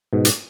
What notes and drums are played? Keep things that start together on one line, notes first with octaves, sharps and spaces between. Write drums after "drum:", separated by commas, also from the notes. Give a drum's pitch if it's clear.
G#2 B2
drum: hi-hat